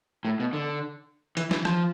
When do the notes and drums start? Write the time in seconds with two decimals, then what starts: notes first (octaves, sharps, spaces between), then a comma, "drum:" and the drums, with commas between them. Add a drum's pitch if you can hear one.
0.25 A2
0.40 B2
0.53 D3
1.37 E3, drum: hi-hat
1.51 E3, drum: snare
1.65 F3, drum: rim click